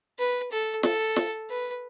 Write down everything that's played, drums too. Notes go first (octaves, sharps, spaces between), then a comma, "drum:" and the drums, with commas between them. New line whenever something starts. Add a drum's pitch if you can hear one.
B4
A4
A4, drum: snare
drum: snare
B4